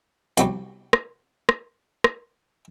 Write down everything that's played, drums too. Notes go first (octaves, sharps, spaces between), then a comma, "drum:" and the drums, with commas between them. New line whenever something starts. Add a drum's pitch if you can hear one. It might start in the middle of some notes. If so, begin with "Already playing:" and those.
C2 F#3 G3, drum: hi-hat
drum: rim click
drum: rim click
drum: rim click